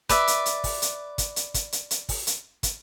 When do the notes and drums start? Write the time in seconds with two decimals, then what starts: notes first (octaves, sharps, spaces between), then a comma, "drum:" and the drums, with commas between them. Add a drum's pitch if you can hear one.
0.09 B4 D5 E5, drum: kick, hi-hat
0.28 drum: hi-hat
0.46 drum: hi-hat
0.64 drum: kick, open hi-hat
0.82 drum: hi-hat
1.18 drum: kick, hi-hat
1.36 drum: hi-hat
1.54 drum: kick, hi-hat
1.72 drum: hi-hat
1.91 drum: hi-hat
2.09 drum: kick, open hi-hat
2.27 drum: hi-hat
2.63 drum: kick, hi-hat